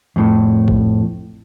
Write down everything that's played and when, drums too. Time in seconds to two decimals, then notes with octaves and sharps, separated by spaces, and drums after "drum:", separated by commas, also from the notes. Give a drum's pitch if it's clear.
0.16 F2 A2
0.68 drum: kick